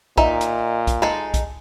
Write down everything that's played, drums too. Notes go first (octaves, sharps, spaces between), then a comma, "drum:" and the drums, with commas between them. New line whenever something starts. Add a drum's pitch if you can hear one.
A#2 D#4 E5, drum: kick
drum: hi-hat
drum: kick, hi-hat
G#3 D#4 A4
drum: kick, hi-hat